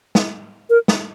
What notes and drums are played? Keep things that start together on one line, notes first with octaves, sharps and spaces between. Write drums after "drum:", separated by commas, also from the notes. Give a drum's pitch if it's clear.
drum: snare
A#4
drum: snare